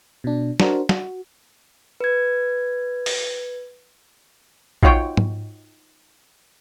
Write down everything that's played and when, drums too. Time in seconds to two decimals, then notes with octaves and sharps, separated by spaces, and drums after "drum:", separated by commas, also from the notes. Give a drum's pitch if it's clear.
0.24 B2 D4
0.60 D4 F#4 A#4 C5, drum: snare
0.89 F#4, drum: snare
2.00 B4 G#6
3.06 drum: open hi-hat
4.83 D#4 F4 F#4 C#5 G5, drum: kick A#1
5.17 drum: tom G#2